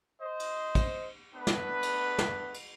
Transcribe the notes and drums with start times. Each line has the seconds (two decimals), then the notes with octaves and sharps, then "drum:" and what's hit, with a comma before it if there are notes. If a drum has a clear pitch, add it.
0.22 C5 D#5
0.40 drum: cymbal
0.75 drum: kick, cymbal
1.34 A3 B3 D4 B4
1.47 drum: snare
1.83 drum: cymbal
2.18 drum: snare
2.54 drum: cymbal